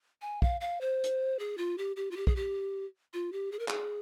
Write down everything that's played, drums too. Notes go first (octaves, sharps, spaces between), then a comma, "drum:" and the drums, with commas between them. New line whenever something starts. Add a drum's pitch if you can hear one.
G#5
F5, drum: kick
F5
C5
drum: hi-hat
G#4
F4
G4
G4
F4
G4
G#4, drum: kick
G4
F4
G4
G#4
A#4
G#4, drum: clap